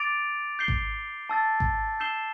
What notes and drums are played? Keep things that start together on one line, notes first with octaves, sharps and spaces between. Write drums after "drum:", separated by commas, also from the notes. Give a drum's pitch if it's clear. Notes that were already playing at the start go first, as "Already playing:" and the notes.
Already playing: D6 A6 D7 F7
G6 C7 G7
drum: kick G#1
A5 E6 A6
drum: kick G#1
E6 G6 C7 E7 G7